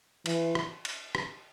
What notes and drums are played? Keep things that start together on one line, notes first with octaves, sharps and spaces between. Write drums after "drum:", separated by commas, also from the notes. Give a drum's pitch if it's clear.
E3, drum: cymbal
drum: rim click
drum: cymbal
drum: rim click